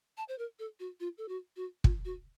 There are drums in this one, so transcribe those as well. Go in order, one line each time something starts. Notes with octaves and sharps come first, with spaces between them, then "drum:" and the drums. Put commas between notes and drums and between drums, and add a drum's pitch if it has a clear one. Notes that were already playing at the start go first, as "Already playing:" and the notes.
A5
C5
A#4
A4
F#4
F4
A4
F#4
F#4
F4, drum: kick
F#4